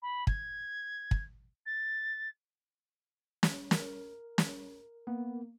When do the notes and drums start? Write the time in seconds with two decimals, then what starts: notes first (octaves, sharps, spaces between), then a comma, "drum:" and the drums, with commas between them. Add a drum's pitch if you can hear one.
0.02 B5
0.27 G#6, drum: kick
1.11 drum: kick
1.66 A6
3.43 drum: snare
3.71 A#4, drum: snare
4.38 drum: snare
5.07 A#3 B3